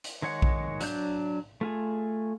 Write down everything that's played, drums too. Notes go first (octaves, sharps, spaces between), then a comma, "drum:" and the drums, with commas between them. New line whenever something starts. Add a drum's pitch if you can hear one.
drum: hi-hat
D#3 G#3 C#5 F#5
drum: kick A#1
F#3 D4 G6, drum: hi-hat
A3 F4 G#4